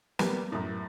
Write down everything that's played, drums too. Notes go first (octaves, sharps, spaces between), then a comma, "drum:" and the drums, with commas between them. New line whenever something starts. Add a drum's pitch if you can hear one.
G3 A#3 B3, drum: snare
F#2 A2